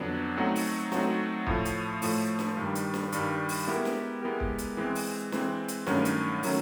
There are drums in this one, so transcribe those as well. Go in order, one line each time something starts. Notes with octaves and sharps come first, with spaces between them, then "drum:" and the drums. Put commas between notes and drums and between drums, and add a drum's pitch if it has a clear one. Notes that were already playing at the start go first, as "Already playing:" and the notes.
Already playing: F2 D3 F#3 B3 D4
F#3 A3 C4 D#4 F#4
drum: open hi-hat
F#3 A3 C4 D#4 F#4, drum: snare
A2 F3 A3, drum: kick
drum: hi-hat
A2 F3 A3, drum: open hi-hat
drum: snare
G2 D#3 G3
drum: hi-hat
drum: snare
G2 D#3 G3, drum: hi-hat
drum: open hi-hat
G#3 B3 E4 G4 A#4
drum: snare
G#3 B3 E4 G4 A#4
drum: kick
drum: hi-hat
E3 G#3 C4
drum: open hi-hat
E3 G#3 C4, drum: snare
drum: hi-hat
G2 D#3 F#3 A3 C#4, drum: snare
drum: hi-hat
D#3 F#3 A3 C#4, drum: open hi-hat